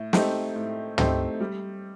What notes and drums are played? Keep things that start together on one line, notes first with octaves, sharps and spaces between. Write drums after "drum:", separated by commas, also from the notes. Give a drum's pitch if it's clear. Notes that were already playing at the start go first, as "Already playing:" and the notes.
Already playing: A2
A3 C4 D#4 G4, drum: snare
A2
A3 C4 D#4 G4, drum: tom
G3